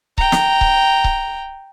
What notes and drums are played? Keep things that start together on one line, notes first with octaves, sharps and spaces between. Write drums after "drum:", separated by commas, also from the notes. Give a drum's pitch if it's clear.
G5 A#5, drum: kick C#1
drum: snare
drum: kick C#1
drum: kick C#1